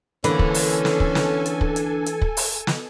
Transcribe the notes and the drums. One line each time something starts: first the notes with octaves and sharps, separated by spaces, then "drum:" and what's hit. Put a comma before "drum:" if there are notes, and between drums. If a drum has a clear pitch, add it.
D3 E3 A#3 C#4 A4 B4 G#5, drum: hi-hat
drum: kick
drum: open hi-hat
drum: snare
drum: kick
drum: snare
drum: hi-hat
drum: kick
drum: hi-hat
drum: hi-hat
drum: kick
drum: open hi-hat
drum: snare